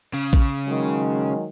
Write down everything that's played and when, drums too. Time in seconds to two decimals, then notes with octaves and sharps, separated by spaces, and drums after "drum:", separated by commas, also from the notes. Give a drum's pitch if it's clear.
0.13 C#3
0.33 drum: kick A#1
0.67 D#3 F#3 G#3